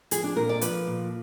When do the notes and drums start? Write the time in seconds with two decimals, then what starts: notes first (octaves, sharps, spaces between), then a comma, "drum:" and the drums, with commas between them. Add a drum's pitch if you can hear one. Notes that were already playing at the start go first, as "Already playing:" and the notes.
0.11 F3 G#4, drum: hi-hat
0.24 D4
0.36 A#2 A#4
0.49 D5
0.61 F3 B4, drum: hi-hat
0.87 A#2